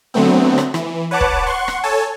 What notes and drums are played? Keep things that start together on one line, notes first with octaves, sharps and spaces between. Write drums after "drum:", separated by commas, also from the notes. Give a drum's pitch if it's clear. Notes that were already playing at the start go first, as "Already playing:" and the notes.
D3 F#3 A3 B3 C4
drum: rim click
E3, drum: rim click
B4 C#5 F#5 A5 D6
drum: kick
F#5 C6 C#6
drum: rim click
A4 C#5 G#5 A5